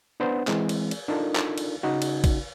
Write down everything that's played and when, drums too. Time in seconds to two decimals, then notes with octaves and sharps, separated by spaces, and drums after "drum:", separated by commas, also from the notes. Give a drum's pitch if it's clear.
0.20 B3 D4 B4 C5 F#5
0.47 E3 G#3 C4, drum: clap
0.69 drum: cymbal
0.91 drum: cymbal
1.08 D4 D#4 F4 A4 A#4
1.35 drum: clap
1.58 drum: cymbal
1.83 C#3 D#4 F#4
2.02 drum: cymbal
2.24 drum: kick, cymbal